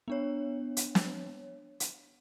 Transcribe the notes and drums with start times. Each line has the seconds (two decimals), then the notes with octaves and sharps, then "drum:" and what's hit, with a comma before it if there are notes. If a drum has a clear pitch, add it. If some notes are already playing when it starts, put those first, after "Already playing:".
0.08 B3 D4 C#5
0.77 drum: hi-hat
0.95 drum: snare
1.80 drum: hi-hat